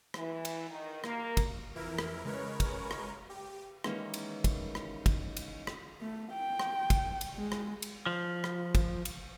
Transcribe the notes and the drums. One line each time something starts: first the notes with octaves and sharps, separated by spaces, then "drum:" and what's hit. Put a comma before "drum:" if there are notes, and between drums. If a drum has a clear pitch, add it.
E3, drum: rim click
drum: cymbal
D#3
A#3, drum: rim click
drum: kick, cymbal
F2 E3 E4 A#4
drum: rim click
C#3 G#3 A#4 B4 C#5
drum: kick, cymbal
drum: rim click
G4
D#3 E3 G#3 A#3 C#4 E4, drum: rim click
drum: cymbal
drum: kick, cymbal
drum: rim click
drum: kick, cymbal
drum: cymbal
drum: rim click
A3
G5
drum: rim click
drum: kick, cymbal
drum: cymbal
G#3
drum: rim click
drum: cymbal
F3
drum: rim click
drum: kick, cymbal
drum: cymbal